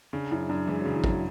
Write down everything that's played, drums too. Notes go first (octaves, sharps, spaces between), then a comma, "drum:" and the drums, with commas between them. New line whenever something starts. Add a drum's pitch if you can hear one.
C#3 D4
F#2 E4
F#2 D4
E3 G#3
C#3 F#3
E3
F#2 F#3, drum: kick